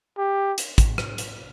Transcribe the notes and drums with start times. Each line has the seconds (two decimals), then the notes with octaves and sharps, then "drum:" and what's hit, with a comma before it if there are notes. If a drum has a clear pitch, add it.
0.18 G4
0.58 drum: hi-hat
0.78 drum: kick, hi-hat
0.98 drum: rim click
1.18 drum: hi-hat